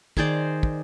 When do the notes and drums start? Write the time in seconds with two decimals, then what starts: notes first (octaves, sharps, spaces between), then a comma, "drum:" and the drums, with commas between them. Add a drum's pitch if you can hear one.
0.17 D#3 G#4 C5 D5, drum: kick
0.63 drum: kick